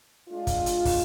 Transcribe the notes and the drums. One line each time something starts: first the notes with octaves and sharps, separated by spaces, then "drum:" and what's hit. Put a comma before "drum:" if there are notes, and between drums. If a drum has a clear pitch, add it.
G#3 D4 F4
drum: kick, hi-hat
drum: hi-hat
drum: kick, open hi-hat